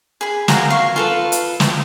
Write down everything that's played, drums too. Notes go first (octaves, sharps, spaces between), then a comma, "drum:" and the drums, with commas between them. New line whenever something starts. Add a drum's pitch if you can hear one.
G#4 B5
F4 F#4 A#4 G#5, drum: snare
F5 C#6
F4 A4 B4
drum: hi-hat
drum: snare